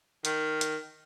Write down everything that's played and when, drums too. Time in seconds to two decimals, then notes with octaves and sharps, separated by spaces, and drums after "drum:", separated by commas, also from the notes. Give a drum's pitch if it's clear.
0.25 D#3, drum: hi-hat
0.61 drum: hi-hat